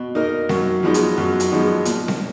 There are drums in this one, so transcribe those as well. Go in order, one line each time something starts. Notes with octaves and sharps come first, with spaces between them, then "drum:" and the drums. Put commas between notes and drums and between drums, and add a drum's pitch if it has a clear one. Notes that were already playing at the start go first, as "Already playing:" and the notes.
Already playing: B2
A#3 D#4 A#4
F#2, drum: snare C4
F3 G#3 B3 D#4
drum: hi-hat
F#2
drum: hi-hat
F3 G#3 B3 D#4
A#2, drum: hi-hat
drum: snare C4